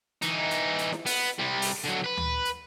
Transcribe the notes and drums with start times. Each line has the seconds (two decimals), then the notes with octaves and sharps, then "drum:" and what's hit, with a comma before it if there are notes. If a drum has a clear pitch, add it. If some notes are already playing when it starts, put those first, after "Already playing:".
0.22 E3 D#4, drum: hi-hat
0.51 drum: hi-hat
0.79 drum: hi-hat
0.92 drum: snare E4
1.06 B3, drum: open hi-hat
1.39 C3 G3
1.62 drum: open hi-hat
1.85 D3 F#3
2.06 B4
2.17 drum: tom D2
2.45 drum: hi-hat